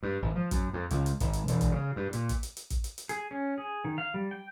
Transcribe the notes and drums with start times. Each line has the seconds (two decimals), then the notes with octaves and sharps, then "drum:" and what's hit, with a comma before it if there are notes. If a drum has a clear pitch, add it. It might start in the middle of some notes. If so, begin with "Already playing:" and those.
0.03 G2
0.22 G#1
0.36 F3
0.51 F#2, drum: kick, hi-hat
0.73 F2
0.91 C#2, drum: hi-hat
1.06 drum: hi-hat
1.21 G#1, drum: kick, hi-hat
1.34 drum: hi-hat
1.48 E1, drum: hi-hat
1.61 drum: kick, hi-hat
1.72 C#3
1.96 G2
2.13 A#2, drum: hi-hat
2.29 drum: kick, hi-hat
2.43 drum: hi-hat
2.57 drum: hi-hat
2.71 drum: kick, hi-hat
2.84 drum: hi-hat
2.98 drum: hi-hat
3.09 G#4, drum: hi-hat
3.31 C#4
3.58 G#4
3.85 D#3
3.98 F5
4.14 G3
4.31 G5